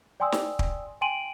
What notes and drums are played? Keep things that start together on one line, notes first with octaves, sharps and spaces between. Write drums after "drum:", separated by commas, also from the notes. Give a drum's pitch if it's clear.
D5 G5 G#5 C6 D#6 E6
drum: snare
drum: kick
G5 G#5 C6 D7 D#7 F#7